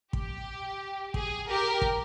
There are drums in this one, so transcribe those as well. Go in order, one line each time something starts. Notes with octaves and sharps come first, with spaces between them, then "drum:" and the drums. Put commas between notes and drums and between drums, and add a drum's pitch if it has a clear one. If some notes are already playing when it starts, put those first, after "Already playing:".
G4, drum: kick
G#4, drum: kick
G4 A#4
drum: kick